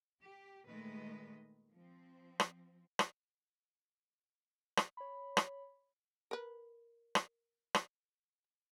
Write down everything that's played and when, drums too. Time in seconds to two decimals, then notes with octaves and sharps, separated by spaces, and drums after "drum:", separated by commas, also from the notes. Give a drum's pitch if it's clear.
0.22 G4
0.67 A#2 D#3 G#3 A3 B4 D#5
1.72 F3 C4
2.40 drum: rim click
2.99 drum: rim click
4.77 drum: rim click
4.97 C#5 B5
5.37 drum: rim click
6.31 A#4 B4
7.15 drum: rim click
7.75 drum: rim click